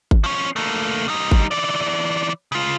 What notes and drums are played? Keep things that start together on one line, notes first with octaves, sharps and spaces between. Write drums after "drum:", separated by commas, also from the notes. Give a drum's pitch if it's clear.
drum: kick G#1
F3 C#4
A3 A#3
G3 D#4
drum: kick G#1
E3 D5
C#3 F4